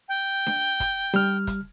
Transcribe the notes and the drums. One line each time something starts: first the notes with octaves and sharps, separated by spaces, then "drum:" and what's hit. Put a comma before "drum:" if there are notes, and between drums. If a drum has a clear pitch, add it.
G5
drum: snare D4
drum: kick, hi-hat
G3 F6, drum: snare D4
drum: kick, hi-hat